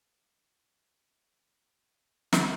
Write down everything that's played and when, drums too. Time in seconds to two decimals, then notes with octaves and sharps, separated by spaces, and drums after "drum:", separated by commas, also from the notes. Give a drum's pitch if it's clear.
0.28 C#5 E5 F5
0.79 A4
2.00 A4 B4 C#5
2.33 drum: snare